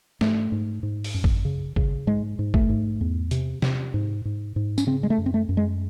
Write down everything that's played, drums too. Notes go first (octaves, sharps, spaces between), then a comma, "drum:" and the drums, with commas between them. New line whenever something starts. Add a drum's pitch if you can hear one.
G#2 A3, drum: snare
G#2
G#2
drum: open hi-hat
F#2
drum: kick
C#3
C#3, drum: kick
G#2 G#3
G#2
A3, drum: kick
G#2
E2
C3, drum: hi-hat
C3, drum: snare
G#2
G#2
G#2
C#4, drum: tambourine
C#3 C4
G#3
A3
F#2
C4
A3
F#2
G#3